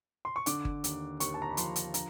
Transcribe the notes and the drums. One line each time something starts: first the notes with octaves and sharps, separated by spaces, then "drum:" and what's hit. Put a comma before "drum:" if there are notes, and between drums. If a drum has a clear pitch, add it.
C6
C#6
D3 D6, drum: hi-hat
drum: kick G1
D#2, drum: hi-hat
D#2 C#6, drum: hi-hat
A5
A#5
B5
F3 C6, drum: hi-hat
drum: hi-hat
D3 A#5, drum: hi-hat